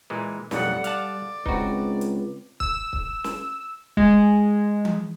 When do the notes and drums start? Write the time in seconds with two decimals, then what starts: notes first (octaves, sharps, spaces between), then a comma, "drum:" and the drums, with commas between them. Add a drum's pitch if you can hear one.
0.10 A#2 E3 G#3
0.51 B1 F2 A2 G3 A4 F#5, drum: snare
0.84 D5 F5 F#5 A5, drum: hi-hat
1.46 C#2 C4 D#4 F#4 B4, drum: kick C#1
2.01 drum: hi-hat
2.60 E6, drum: kick C#1
2.93 drum: kick C#1
3.24 drum: snare
3.97 G#3, drum: kick C#1
4.85 drum: tom E3